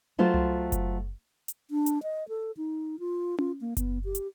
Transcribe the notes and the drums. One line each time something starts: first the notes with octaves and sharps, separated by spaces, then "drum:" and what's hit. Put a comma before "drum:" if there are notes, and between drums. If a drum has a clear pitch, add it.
F#3 A3 F4 C5
drum: tom C2
drum: kick F#1, hi-hat
drum: hi-hat
D4
drum: hi-hat
D#5
A4
D#4
F4
F4, drum: tom C#4
A#3
B3, drum: kick F#1, hi-hat
G4
drum: hi-hat